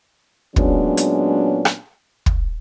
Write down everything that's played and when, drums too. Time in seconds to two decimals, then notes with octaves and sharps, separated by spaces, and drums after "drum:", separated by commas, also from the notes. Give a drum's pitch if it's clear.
0.56 A#2 F#3 G#3 B3 C#4 D4, drum: kick
0.97 drum: hi-hat
1.65 drum: rim click
2.26 drum: kick